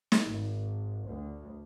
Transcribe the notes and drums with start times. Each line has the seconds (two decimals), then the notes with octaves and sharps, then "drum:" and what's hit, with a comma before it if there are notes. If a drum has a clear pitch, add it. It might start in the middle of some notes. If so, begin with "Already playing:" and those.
0.12 drum: snare
0.25 G#1
1.07 D2